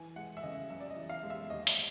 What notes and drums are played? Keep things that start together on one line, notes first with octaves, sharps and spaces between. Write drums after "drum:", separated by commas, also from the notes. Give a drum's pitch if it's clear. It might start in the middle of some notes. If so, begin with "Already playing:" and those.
Already playing: E3 G#5
G#3 F#5
E5
C#3 D#5
F#2 E5
D5
D#5
E3
F5
G#3
E5
D#2 D#5
drum: open hi-hat